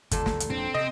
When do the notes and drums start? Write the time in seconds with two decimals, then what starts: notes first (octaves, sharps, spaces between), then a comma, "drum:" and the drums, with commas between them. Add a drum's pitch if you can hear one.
0.11 D#2 A#2 D3 G3 A4, drum: kick G1, hi-hat
0.26 drum: snare
0.40 drum: hi-hat
0.50 F2 A#3 C4 D4
0.74 C3 D#5